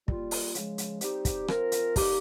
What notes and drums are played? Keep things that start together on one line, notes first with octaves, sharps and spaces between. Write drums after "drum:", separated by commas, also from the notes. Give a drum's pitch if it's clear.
G3 A#3 F4, drum: kick
drum: open hi-hat
C#3 F3 G#3, drum: hi-hat
drum: hi-hat
G3 C4 D#4 G4, drum: hi-hat
drum: kick, hi-hat
F3 C4 F4 A#4, drum: rim click
drum: hi-hat
G3 A#3 D#4 G4, drum: kick, open hi-hat